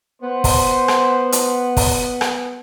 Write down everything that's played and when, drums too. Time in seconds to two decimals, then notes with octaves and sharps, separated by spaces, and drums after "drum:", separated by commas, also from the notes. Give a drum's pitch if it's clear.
0.22 B3 C5
0.44 drum: kick, open hi-hat
0.88 drum: rim click
1.32 drum: hi-hat
1.77 drum: kick, open hi-hat
2.21 drum: rim click